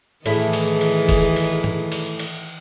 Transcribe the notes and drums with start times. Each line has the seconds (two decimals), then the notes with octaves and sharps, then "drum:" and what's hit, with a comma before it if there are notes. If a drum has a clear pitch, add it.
0.26 A2 D#3 E3 A3 E4 G#4, drum: cymbal
0.53 drum: cymbal
0.81 drum: cymbal
1.09 drum: kick, cymbal
1.36 drum: cymbal
1.64 drum: tom
1.92 drum: cymbal
2.19 drum: cymbal